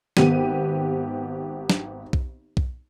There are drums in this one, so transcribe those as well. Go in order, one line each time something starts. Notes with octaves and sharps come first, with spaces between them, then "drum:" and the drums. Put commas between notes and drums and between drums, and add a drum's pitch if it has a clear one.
G#1 B3 G4 D#7, drum: snare
drum: snare
drum: kick B1
drum: kick B1